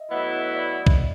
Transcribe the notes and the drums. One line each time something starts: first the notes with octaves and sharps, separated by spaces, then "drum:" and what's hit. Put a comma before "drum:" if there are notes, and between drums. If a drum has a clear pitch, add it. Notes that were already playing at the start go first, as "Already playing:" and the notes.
Already playing: D#5 E5
A2 F#3 B3 E4 D#5
D5
drum: kick B1